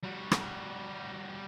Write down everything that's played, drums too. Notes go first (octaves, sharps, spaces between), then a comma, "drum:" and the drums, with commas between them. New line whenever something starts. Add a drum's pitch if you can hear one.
G3 F#4
drum: rim click